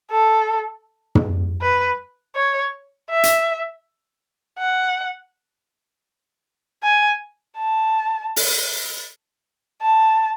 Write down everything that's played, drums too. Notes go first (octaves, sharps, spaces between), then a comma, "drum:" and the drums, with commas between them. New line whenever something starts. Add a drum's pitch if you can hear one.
A4
drum: tom
B4
C#5
E5
drum: hi-hat
F#5
G#5
A5
drum: open hi-hat
A5